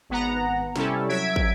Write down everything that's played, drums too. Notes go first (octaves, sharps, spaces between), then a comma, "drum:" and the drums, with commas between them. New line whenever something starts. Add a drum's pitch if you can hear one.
G#1 B3 F#5 A#5
C3 G3 C#4 E4 A4, drum: snare
F#3 E5 G#6 B6 D7
drum: kick